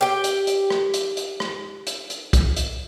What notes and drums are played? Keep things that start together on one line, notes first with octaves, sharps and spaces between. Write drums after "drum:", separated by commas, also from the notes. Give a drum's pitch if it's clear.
G4 G5
drum: hi-hat
drum: hi-hat
drum: rim click
drum: hi-hat
drum: hi-hat
drum: rim click
drum: hi-hat
drum: hi-hat
drum: kick, hi-hat
drum: hi-hat